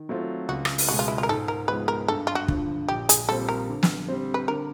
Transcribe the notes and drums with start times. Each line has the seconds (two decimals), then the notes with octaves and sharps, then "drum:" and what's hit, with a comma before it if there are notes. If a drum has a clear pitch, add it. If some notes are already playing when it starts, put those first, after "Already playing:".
Already playing: D#3
0.09 F#3 A3 C4 F4
0.49 C#2 F#4
0.65 drum: rim click
0.78 drum: open hi-hat
0.88 B2 G#3 B3 F#4
0.99 F4
1.08 E4
1.18 F4
1.23 A#4
1.29 G#2 A4
1.48 A#4
1.68 F3 G#3 B3 B4
1.88 A#4
2.08 G2 A4
2.27 F4
2.35 F#4
2.48 D3 F3, drum: kick
2.88 A#1 G4
3.09 G#4, drum: hi-hat
3.29 A#2 G3 C4 A4
3.49 A#4
3.68 D3
3.83 drum: snare
4.08 G3 C4
4.34 B4
4.48 D3 A#4